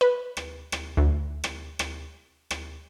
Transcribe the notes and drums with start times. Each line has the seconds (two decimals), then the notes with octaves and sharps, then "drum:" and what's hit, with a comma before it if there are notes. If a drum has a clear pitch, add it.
0.01 B4
0.37 drum: rim click
0.72 drum: rim click
0.97 D2
1.44 drum: rim click
1.79 drum: rim click
2.51 drum: rim click